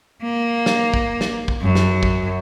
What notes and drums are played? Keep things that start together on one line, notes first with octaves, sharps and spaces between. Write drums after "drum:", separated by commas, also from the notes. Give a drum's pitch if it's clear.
A#3
drum: snare
drum: kick
drum: snare
drum: kick
F#2
drum: snare
drum: kick